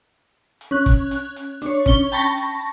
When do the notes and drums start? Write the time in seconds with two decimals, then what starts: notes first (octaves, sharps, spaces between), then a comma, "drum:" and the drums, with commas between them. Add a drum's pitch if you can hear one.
0.61 drum: hi-hat
0.71 C#4 F#6
0.86 drum: kick, hi-hat
1.11 drum: hi-hat
1.36 drum: hi-hat
1.62 D4 C#5, drum: hi-hat
1.86 C#4 G7, drum: kick, hi-hat
2.12 G5 A5 B5 C#6 A#6, drum: hi-hat
2.37 drum: hi-hat